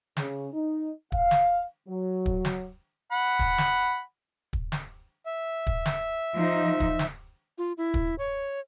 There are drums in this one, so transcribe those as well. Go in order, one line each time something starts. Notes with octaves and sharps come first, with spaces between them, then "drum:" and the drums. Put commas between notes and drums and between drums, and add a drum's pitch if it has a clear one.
C#3, drum: snare
D#4
F5, drum: kick
drum: snare
F#3
drum: kick
drum: snare
F#5 B5
drum: kick
drum: snare
drum: kick
drum: snare
E5
drum: kick
drum: snare
F3 D#4
drum: kick
drum: snare
F4
E4
drum: kick
C#5